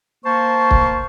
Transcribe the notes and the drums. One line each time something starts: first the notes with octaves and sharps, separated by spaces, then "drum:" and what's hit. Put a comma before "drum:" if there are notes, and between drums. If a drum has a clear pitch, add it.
A#3 C5 A5 C#6
drum: kick C#1